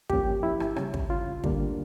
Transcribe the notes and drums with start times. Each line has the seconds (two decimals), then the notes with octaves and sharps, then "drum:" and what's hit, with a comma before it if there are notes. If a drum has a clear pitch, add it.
0.10 G2 F3 A#3 C#4 G4, drum: kick
0.43 E4
0.60 drum: rim click
0.76 C#3 G3 C#4, drum: rim click
0.94 drum: kick
1.10 F4
1.44 D2 D3 G3 A#3 D4, drum: kick